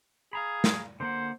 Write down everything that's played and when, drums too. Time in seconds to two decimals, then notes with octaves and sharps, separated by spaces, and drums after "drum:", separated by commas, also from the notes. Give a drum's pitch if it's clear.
0.33 G#4 F5 A#5 B5
0.64 drum: snare
1.00 D3 A#3 C5 F#5